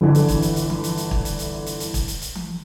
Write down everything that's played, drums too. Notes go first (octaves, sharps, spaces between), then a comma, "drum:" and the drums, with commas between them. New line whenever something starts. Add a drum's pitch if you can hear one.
G1 D3 E3
drum: hi-hat
drum: kick, hi-hat
drum: hi-hat
drum: hi-hat
drum: tom E3
drum: hi-hat
drum: hi-hat
drum: kick
drum: hi-hat
drum: hi-hat
drum: hi-hat
drum: hi-hat
drum: kick, hi-hat
drum: hi-hat
drum: hi-hat
drum: tom E3